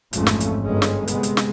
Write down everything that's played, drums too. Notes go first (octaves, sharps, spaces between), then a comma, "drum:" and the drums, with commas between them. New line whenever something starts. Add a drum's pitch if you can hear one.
A1 F2 G#2 F3 A3 C#4, drum: hi-hat
drum: snare
drum: hi-hat
G1 G#3 C#4
drum: snare
C3 G#3 B3, drum: hi-hat
drum: hi-hat
drum: snare